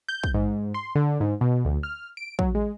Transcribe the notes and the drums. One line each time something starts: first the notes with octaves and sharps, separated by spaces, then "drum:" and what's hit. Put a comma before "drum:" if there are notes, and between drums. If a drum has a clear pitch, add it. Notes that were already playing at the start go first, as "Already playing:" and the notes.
G6
drum: kick
G#2
C6
D3
G#2
B2
D2
F6
D7
F#3, drum: kick
G#3